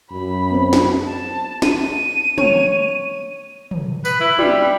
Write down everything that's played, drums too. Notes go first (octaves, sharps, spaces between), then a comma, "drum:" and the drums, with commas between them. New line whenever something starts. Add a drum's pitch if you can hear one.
F#2 B5
B3 C4
drum: snare
A5
D#7, drum: snare
C#5, drum: tom
drum: tom
B4, drum: tambourine
E4
G3, drum: tom